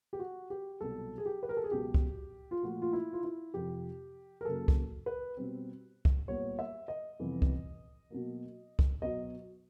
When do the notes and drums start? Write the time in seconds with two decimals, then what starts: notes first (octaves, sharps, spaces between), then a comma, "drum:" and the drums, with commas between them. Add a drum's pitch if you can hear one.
0.13 G4
0.20 F#4
0.50 G4
0.80 C2 B2 F#3 A4
1.18 G#4
1.26 G4
1.43 B4
1.49 A#4
1.57 A4
1.64 G#4
1.71 C#2 B2 F#3 G4
1.94 drum: kick
2.51 F4
2.63 A#2 F3 A3 F#4
2.82 F4
2.93 E4
3.13 F4
3.24 E4
3.54 F2 C3 F3 G4
4.41 A#4
4.45 F#2 C#3 F#3 A#3 A4
4.68 drum: kick
5.06 B4
5.37 B2 G3 C4
6.05 drum: kick
6.28 A#2 G3 B3 C#5
6.59 E5
6.88 D#5
7.20 F2 C3 E3 G3 B3
7.42 drum: kick
8.10 B2 F#3 A#3
8.79 drum: kick
9.02 B2 F#3 B3 D#5